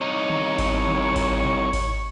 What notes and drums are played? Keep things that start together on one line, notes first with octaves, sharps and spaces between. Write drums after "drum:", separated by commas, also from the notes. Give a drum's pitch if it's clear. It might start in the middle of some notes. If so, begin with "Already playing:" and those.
C2 D#4 C#5 C#6
drum: tom D3
drum: kick G#1, open hi-hat
drum: tom D3
drum: kick G#1, open hi-hat
drum: tom B2
drum: kick G#1, open hi-hat